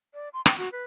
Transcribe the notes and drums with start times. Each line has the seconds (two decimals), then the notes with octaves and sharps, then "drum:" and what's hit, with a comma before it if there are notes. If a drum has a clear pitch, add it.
0.14 D5
0.33 C6
0.46 G5, drum: rim click
0.58 F#4
0.72 B4